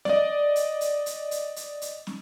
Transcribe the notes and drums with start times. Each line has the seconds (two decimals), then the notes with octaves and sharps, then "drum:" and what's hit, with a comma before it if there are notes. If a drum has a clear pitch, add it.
0.05 D5 D#5, drum: snare
0.56 drum: hi-hat
0.81 drum: hi-hat
1.06 drum: hi-hat
1.31 drum: hi-hat
1.56 drum: hi-hat
1.82 drum: hi-hat
2.07 drum: snare